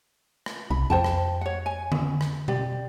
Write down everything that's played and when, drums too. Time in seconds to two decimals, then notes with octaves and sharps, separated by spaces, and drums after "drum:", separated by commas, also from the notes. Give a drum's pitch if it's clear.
0.46 drum: rim click
0.70 C2 B5
0.90 F2 C5 G5 A5
1.04 drum: rim click
1.41 C#5 F#5
1.66 G#5
1.92 drum: tom D3
2.21 drum: rim click
2.48 G4 D5, drum: tom B2